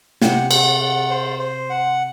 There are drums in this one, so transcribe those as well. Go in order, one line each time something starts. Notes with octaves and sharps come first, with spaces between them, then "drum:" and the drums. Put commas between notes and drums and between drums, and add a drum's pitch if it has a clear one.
C3 F#5, drum: snare
F#5, drum: cymbal
F#5
C5
C5
F#5